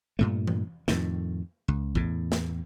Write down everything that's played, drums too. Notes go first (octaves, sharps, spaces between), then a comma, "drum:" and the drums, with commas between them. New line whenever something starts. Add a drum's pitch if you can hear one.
G2 A#2 A3
drum: tom E3
F2 A2 D#3, drum: snare
C#2
E2 A2, drum: kick
drum: snare